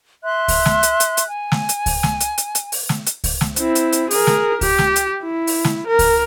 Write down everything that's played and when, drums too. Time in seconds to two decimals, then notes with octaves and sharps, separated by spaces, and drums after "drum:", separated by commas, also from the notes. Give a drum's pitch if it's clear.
0.22 E5 C6 F#6
0.48 drum: kick C#2, open hi-hat
0.66 drum: snare
0.83 drum: hi-hat
1.00 drum: hi-hat
1.17 drum: hi-hat
1.27 G#5
1.52 drum: snare
1.69 drum: hi-hat
1.86 drum: kick C#2, open hi-hat
2.03 drum: snare
2.20 drum: hi-hat
2.38 drum: hi-hat
2.55 drum: hi-hat
2.72 drum: open hi-hat
2.89 drum: snare
3.06 drum: hi-hat
3.24 drum: kick C#2, open hi-hat
3.41 drum: snare
3.56 C4 E4, drum: hi-hat
3.75 drum: hi-hat
3.92 drum: hi-hat
4.11 G#4 A#4, drum: open hi-hat
4.27 drum: snare
4.61 G4, drum: kick C#2, open hi-hat
4.78 drum: snare
4.96 drum: hi-hat
5.24 E4
5.47 drum: open hi-hat
5.64 drum: snare
5.87 A#4
5.99 drum: kick C#2, open hi-hat